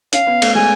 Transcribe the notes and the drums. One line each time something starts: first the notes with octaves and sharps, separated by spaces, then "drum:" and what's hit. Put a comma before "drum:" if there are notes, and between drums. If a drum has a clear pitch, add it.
C#4 F5, drum: hi-hat
B3
A3, drum: cymbal
G#3 G#5